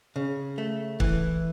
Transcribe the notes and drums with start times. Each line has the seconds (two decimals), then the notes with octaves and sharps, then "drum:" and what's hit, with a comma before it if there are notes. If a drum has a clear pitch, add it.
0.16 C#3
0.58 A3
1.00 E3, drum: kick